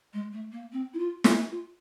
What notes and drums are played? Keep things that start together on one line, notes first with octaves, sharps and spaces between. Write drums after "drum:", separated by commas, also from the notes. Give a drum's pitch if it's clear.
G#3
A3
A#3
C4
E4
F4
F4, drum: snare
F4